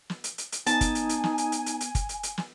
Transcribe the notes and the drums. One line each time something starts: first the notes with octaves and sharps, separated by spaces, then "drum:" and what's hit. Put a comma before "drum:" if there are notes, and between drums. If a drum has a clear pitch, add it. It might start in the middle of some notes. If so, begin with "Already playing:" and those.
drum: snare
drum: hi-hat
drum: hi-hat
drum: hi-hat
B3 D#4 G#5 A5, drum: hi-hat
drum: kick, hi-hat
drum: hi-hat
drum: hi-hat
drum: snare
drum: hi-hat
drum: hi-hat
drum: hi-hat
drum: hi-hat
drum: kick, hi-hat
drum: hi-hat
drum: hi-hat
drum: snare